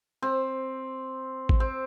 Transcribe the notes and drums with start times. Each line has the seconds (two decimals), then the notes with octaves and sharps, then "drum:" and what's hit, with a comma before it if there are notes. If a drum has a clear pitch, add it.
0.22 C4
1.49 drum: kick A1
1.60 C4